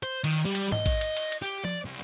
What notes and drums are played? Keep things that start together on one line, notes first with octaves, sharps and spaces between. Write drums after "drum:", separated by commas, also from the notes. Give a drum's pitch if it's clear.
C5
D#3, drum: cymbal
G3
drum: cymbal
D#5, drum: tom G#2
drum: kick A1, cymbal
drum: cymbal
drum: cymbal
drum: cymbal
G4
D5, drum: tom F3
C2